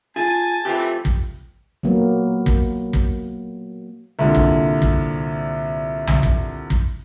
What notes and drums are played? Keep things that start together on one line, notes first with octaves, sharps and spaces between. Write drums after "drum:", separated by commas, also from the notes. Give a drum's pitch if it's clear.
F4 G#4 G#5 A5
E3 A3 C4 F4 G4
drum: kick
F#3 A#3 B3
drum: kick
drum: kick
C2 A#2 D3
drum: kick
drum: kick
drum: tom C2
drum: kick
drum: kick